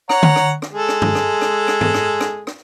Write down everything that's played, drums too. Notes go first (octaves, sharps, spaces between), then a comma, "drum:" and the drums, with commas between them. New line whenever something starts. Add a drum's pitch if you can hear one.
C#5 F#5 A#5, drum: rim click
drum: tom D3
drum: rim click
drum: rim click
G#3 A4
drum: rim click
drum: tom
drum: rim click
drum: rim click
drum: rim click
drum: tom
drum: rim click
drum: rim click
drum: rim click